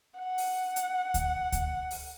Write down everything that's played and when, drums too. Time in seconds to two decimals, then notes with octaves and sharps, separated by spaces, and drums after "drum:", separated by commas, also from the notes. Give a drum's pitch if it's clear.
0.19 F#5
0.38 drum: open hi-hat
0.76 drum: hi-hat
1.14 drum: kick D2, hi-hat
1.52 drum: kick D2, hi-hat
1.91 drum: open hi-hat